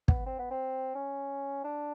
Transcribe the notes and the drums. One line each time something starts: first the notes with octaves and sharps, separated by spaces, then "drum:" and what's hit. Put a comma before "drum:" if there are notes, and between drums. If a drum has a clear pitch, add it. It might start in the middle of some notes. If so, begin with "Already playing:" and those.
B3, drum: kick
C4
B3
C4
C#4
D4